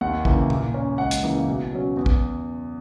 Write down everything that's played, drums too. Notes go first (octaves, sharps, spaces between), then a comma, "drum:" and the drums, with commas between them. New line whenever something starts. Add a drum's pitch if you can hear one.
D#2 F#5
C#3 E3 A#3, drum: kick
A#2, drum: tom
A#3 C#4
C#2 F#5
drum: hi-hat
C#3 E3 A#3
B2
F#3 C#4
E2
drum: kick